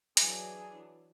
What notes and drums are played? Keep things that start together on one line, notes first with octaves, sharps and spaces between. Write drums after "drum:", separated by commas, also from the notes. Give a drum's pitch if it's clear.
E3 F#3 D4 G#4, drum: hi-hat